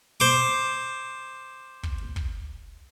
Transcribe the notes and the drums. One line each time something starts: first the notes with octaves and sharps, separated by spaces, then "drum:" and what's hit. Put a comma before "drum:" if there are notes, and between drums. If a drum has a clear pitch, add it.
C5 D6
drum: kick
drum: kick